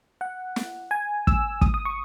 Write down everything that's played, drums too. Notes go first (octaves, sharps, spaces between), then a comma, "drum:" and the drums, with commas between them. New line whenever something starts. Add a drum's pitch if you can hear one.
F#5
drum: snare
G#5
E6, drum: kick
D#6, drum: kick
D#6
C#6